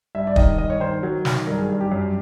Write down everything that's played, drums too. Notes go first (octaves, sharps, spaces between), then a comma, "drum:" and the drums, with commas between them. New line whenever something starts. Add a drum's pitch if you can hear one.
G2 E5
D5
D#3 D#5, drum: kick
G2 D#5
C#5
D#3 C5
F#3
D#3, drum: snare
G2 A#4
G#4
G2
G4
F#2